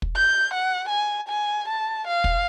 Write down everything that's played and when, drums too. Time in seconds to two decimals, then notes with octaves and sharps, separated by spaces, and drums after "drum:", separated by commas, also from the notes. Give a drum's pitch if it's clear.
0.02 drum: kick
0.16 G6
0.54 F#5
0.89 G#5
1.29 G#5
1.69 A5
2.07 F5
2.24 drum: kick